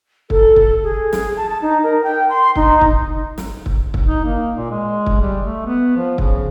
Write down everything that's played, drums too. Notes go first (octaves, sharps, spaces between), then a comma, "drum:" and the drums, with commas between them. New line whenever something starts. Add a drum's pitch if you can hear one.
A4, drum: kick
drum: kick
G#4
drum: snare
A5
A5
D#4
A#4
G5
C6
D#4, drum: kick
drum: kick
drum: snare
drum: kick
drum: kick
D#4
A#3
A#2
G#3
drum: kick
G3
A3
B3
F3
C#3, drum: kick